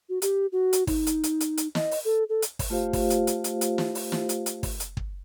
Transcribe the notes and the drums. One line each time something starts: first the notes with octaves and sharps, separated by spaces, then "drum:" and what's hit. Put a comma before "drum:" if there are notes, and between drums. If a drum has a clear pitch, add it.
F#4
G4, drum: hi-hat
F#4
drum: hi-hat
D#4, drum: kick, open hi-hat
drum: hi-hat
drum: hi-hat
drum: hi-hat
drum: hi-hat
D#5, drum: snare
drum: open hi-hat
A4
A4
drum: hi-hat
drum: kick, open hi-hat
A3 F4 G4 C5 F5
drum: kick, open hi-hat
drum: hi-hat
drum: hi-hat
drum: hi-hat
drum: hi-hat
drum: snare
drum: open hi-hat
drum: snare
drum: hi-hat
drum: hi-hat
drum: kick, open hi-hat
drum: hi-hat
drum: kick